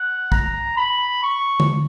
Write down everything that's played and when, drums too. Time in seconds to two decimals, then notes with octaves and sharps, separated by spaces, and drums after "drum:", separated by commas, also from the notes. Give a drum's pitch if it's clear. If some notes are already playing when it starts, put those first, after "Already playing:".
Already playing: F#5
0.32 A#5, drum: kick
0.77 B5
1.23 C#6
1.60 drum: tom D3